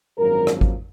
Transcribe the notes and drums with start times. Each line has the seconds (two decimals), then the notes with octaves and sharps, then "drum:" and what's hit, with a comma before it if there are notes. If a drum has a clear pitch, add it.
0.18 G#1 F#2 F3 A#3 A#4
0.47 drum: rim click
0.61 drum: kick G#1